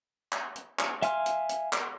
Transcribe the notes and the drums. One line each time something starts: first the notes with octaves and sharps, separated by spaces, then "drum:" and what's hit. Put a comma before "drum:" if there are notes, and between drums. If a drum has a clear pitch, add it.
drum: clap
drum: hi-hat
drum: clap
E5 F5 G#5 C6 F6, drum: hi-hat
drum: hi-hat
drum: hi-hat
drum: clap